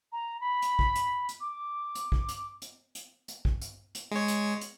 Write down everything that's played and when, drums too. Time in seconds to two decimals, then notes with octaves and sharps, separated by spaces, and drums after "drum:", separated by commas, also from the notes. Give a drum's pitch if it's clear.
0.12 A#5
0.41 B5
0.62 drum: hi-hat
0.79 drum: kick A1
0.96 drum: hi-hat
1.29 drum: hi-hat
1.41 D6
1.95 drum: hi-hat
2.12 drum: kick A1
2.29 drum: hi-hat
2.62 drum: hi-hat
2.95 drum: hi-hat
3.28 drum: hi-hat
3.45 drum: kick A1
3.62 drum: hi-hat
3.95 drum: hi-hat
4.11 G#3 C#5
4.28 drum: hi-hat
4.61 drum: hi-hat